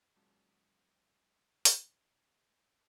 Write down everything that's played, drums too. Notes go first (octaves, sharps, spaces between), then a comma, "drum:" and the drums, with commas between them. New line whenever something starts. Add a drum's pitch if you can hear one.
G#1 A#2 F#3 G#3 C#4 A5
drum: open hi-hat